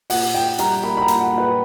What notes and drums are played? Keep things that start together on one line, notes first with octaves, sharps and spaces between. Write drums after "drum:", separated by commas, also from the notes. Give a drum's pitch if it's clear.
A#2 F#5, drum: open hi-hat
A#2 G5
G3 A#5, drum: hi-hat
A#3 B5
B5
A#5
A#2, drum: hi-hat
F#5
A#2
B4